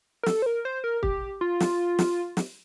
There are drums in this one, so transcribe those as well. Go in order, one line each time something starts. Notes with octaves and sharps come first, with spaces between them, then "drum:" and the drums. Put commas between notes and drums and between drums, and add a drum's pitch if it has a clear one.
A#4
A4, drum: snare
C5
A#4
C5
A#4
G4, drum: kick
F4
drum: snare
drum: snare
drum: snare